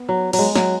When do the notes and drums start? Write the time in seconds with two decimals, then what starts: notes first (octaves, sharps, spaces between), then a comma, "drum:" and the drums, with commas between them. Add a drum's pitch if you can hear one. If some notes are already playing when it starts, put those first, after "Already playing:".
Already playing: B3
0.09 F#3
0.33 F#3, drum: cymbal
0.39 G#3
0.55 F#3, drum: snare